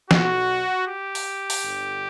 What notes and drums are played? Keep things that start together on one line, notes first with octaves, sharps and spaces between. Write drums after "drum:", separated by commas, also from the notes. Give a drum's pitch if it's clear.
B1 B2 F#4, drum: snare
G4
drum: open hi-hat
drum: open hi-hat
G1 G2 D3